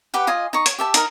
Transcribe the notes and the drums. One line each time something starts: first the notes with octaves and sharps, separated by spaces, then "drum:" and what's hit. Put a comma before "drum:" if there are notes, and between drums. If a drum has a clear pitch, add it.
G4 B4 F#5
F4 D#5 G#5
D#4 C#6
C#5, drum: hi-hat
G4 E5 A5
D#4 A#4, drum: hi-hat